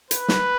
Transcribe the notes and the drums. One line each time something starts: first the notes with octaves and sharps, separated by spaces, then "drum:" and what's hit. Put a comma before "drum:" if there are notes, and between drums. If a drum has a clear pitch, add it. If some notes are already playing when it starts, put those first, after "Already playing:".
B4, drum: hi-hat
drum: snare